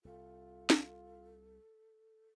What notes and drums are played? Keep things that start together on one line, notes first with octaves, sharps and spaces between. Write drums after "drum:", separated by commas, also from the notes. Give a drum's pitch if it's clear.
C2 F4 A4
drum: snare